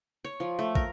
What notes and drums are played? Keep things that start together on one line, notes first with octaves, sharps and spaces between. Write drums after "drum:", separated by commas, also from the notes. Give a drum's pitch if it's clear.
C#5
F3
A3
A#4, drum: kick